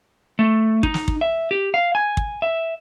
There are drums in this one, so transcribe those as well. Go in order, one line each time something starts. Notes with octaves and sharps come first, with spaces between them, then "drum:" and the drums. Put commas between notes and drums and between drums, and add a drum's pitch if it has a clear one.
A3
D#4, drum: kick
drum: snare
drum: kick
E5
G4
F5
G#5
drum: kick
E5